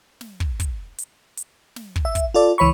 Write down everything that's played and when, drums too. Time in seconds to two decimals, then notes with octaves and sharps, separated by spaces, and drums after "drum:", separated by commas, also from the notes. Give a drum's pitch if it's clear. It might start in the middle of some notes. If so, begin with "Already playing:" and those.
0.21 drum: snare
0.40 drum: kick
0.60 drum: kick, hi-hat
0.98 drum: hi-hat
1.37 drum: hi-hat
1.76 drum: snare
1.96 drum: kick
2.05 E5
2.15 drum: kick, hi-hat
2.34 F4 A4 D5
2.58 C#2 E3 C#5 B5 C#6